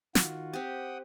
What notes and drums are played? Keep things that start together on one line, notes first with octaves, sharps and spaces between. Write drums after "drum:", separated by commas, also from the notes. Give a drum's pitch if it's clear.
D#3 F4 F#4, drum: snare
C4 G4 F#5 G5 D#6